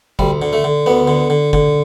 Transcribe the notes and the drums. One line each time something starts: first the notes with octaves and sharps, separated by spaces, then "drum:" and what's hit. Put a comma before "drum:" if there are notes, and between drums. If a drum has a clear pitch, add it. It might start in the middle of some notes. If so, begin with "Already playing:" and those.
D2 G3, drum: kick G1
D3
A3
D3
D2 B3
D3
D3
D3, drum: kick G1